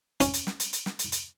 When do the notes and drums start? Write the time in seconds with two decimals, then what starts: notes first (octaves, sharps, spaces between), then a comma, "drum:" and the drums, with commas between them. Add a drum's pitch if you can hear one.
0.21 C#4, drum: hi-hat
0.34 drum: hi-hat
0.47 drum: snare
0.60 drum: hi-hat
0.73 drum: hi-hat
0.86 drum: snare
0.99 drum: hi-hat
1.12 drum: hi-hat